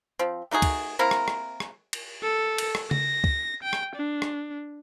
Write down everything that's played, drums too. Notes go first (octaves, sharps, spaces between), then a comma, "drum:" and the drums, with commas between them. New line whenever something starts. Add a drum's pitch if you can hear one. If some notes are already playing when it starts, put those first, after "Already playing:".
F3 C4
A3 D#4 F#4 G#4
drum: kick, cymbal
A#3 C4 E4 A#4
drum: rim click
drum: rim click
drum: rim click
drum: cymbal
A4
drum: cymbal
drum: rim click
A#6, drum: tom C#3
drum: kick
G5
drum: rim click
D4
drum: rim click